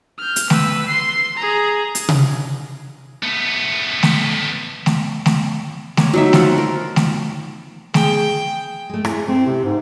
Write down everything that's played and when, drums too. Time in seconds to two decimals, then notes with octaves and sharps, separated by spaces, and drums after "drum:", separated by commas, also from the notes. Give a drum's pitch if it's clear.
0.18 F6 G6
0.36 drum: hi-hat
0.50 B4 E6, drum: snare A3
0.88 C6 C7
1.37 G#4 A#5
1.95 drum: hi-hat
2.09 drum: tom C3
3.23 A3 B3
4.03 drum: snare A3
4.86 drum: snare A3
5.26 drum: snare A3
5.97 A#3 C#5, drum: snare A3
6.13 F#3 D#4 E5
6.33 F3 F4 F#5 C6, drum: snare A3
6.58 A#4
6.96 drum: snare A3
7.94 G#4 G5, drum: snare A3
8.89 G#3 A3
9.05 E4 G#4, drum: rim click
9.28 A3 C4 E4
9.46 C3
9.64 G#2